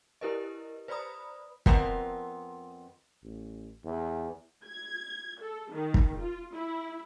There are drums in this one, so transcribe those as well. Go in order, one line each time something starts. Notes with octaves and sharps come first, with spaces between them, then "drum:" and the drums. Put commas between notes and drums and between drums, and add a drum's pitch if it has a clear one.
E4 G4 A#4 B4 D#5
B4 C5 D5 A#5 B5 D#6
F2 B3 C4 A#4 A5 A#5, drum: kick
A1
E2
G#6
A4
D#3
drum: kick
F4
E4